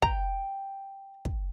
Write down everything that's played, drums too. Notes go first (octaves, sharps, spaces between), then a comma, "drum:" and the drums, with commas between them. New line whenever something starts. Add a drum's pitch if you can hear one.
G5 A#5, drum: kick
drum: kick